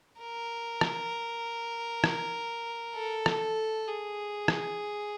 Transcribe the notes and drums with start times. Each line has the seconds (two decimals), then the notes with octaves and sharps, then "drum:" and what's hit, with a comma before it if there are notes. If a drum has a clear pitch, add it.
0.20 A#4
0.81 drum: rim click
2.04 drum: rim click
2.95 A4
3.26 drum: rim click
3.88 G#4
4.48 drum: rim click